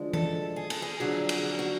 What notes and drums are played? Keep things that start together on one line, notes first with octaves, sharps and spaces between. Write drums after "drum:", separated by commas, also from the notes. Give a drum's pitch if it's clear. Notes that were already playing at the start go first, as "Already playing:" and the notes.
Already playing: D2 D3 F3 G#3
A4, drum: tom E3
G#4
A4, drum: cymbal
G#4
F2 D3 F#3 G#4
G#4, drum: cymbal
F#4